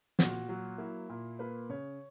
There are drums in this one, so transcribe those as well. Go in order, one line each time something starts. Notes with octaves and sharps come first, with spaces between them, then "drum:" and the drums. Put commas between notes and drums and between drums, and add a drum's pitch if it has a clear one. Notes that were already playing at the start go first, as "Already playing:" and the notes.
A#2 F#4, drum: snare
F#3
A#3 E4
A#2
A#3 B4
C#3 C#5